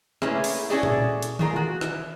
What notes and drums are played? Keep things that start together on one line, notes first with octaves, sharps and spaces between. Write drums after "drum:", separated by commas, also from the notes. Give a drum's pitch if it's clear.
A3 A#3 C#4 E4 G#4 B4, drum: rim click
drum: open hi-hat
C#4 E4 F#4 G#4 A4 D5
drum: tom A#2
drum: hi-hat
A3 F4 G#4 A#4, drum: tom D#3
F#4
E3, drum: rim click